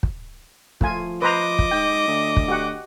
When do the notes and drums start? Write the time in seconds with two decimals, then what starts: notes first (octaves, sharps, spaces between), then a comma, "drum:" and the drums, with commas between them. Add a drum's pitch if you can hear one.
0.03 drum: kick
0.81 F3 A3 F4 G#5, drum: kick
1.22 B4 C5 D#5 A#5 D6
1.59 drum: kick
1.71 G#2 G5
2.08 D2
2.37 drum: kick
2.48 F#4 G4 F#5